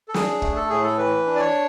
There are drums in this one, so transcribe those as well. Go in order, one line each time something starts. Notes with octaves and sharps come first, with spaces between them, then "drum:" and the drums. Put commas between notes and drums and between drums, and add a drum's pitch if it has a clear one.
A4
D4 G#4, drum: snare
A3, drum: kick
A4
A2 G#4
A4
E3 B4
D4
D5
C#5